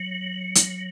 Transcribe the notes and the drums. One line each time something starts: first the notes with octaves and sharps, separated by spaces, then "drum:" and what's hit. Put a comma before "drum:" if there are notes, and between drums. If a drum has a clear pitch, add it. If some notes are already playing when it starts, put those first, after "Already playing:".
Already playing: F#3
drum: hi-hat